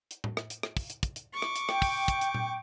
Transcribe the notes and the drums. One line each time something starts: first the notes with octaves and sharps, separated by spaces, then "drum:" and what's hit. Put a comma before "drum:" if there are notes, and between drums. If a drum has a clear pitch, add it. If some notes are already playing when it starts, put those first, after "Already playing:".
drum: hi-hat
drum: tom A2
drum: rim click
drum: hi-hat
drum: rim click
drum: kick, open hi-hat
drum: hi-hat
drum: kick, hi-hat
drum: hi-hat
C#6 D6
drum: rim click
drum: hi-hat
G5, drum: rim click
drum: kick, open hi-hat
drum: kick, hi-hat
drum: hi-hat
drum: tom A#2